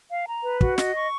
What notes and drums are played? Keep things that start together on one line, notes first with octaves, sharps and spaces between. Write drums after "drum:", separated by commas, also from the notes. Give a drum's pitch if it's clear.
F5
A#5
B4
F#4, drum: kick
D#5, drum: snare
C#6